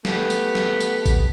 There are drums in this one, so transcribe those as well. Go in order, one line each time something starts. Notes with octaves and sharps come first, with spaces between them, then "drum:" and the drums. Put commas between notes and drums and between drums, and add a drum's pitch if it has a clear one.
A3 B3 G4, drum: snare
drum: tambourine
drum: snare
drum: tambourine
drum: kick A1, tambourine